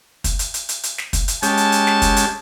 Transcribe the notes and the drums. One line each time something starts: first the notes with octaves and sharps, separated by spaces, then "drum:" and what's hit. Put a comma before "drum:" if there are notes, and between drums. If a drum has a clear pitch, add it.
drum: kick, hi-hat
drum: hi-hat
drum: hi-hat
drum: hi-hat
drum: hi-hat
drum: snare
drum: kick, hi-hat
drum: hi-hat
G#3 C#4 G4 A5, drum: hi-hat
drum: hi-hat
drum: hi-hat
drum: snare
drum: kick, hi-hat
drum: hi-hat